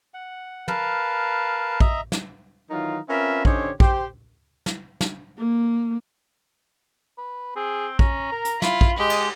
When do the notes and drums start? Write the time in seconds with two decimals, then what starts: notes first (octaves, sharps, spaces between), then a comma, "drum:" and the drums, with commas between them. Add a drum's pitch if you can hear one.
0.14 F#5
0.68 A#4 B4 F5 A5, drum: tom
1.80 D#5 E5 A#5, drum: kick
2.12 drum: snare
2.70 D#3 E3 F#3 D#4 F4
3.09 C4 C#4 F4 A#4 B4 E5
3.45 D3 C#4 D#4 G4 C5 C#5, drum: kick
3.80 G4 C5, drum: kick
4.66 drum: snare
5.01 drum: snare
5.38 A#3
7.18 B4
7.56 C4 G#4
7.99 C#4 A#5, drum: kick
8.32 A#4
8.45 drum: hi-hat
8.62 E4 F4 B5, drum: snare
8.81 drum: kick
8.99 G#3 G4 D#5
9.10 drum: cymbal